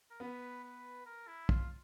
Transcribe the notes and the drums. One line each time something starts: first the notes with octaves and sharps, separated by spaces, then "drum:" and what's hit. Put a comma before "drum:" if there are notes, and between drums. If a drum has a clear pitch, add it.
A#4
B3 B4
B4
A#4
E4
F4, drum: kick